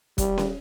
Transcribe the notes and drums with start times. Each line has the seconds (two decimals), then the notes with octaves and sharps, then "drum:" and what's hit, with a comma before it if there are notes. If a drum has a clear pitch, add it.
0.18 G3, drum: kick F1, hi-hat
0.38 drum: snare C#4